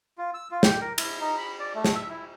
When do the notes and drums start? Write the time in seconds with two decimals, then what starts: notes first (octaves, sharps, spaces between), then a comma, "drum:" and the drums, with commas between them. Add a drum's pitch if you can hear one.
0.18 F4
0.34 E6
0.51 F4
0.63 G4, drum: snare
0.81 A#4
0.98 E4, drum: cymbal
1.20 D#4
1.37 B5
1.60 D5
1.75 A3
1.84 drum: snare
1.95 E5
2.10 E4